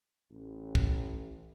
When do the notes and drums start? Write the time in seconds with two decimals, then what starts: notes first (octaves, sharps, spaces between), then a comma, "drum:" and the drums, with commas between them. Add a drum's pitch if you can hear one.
0.31 A1
0.75 drum: kick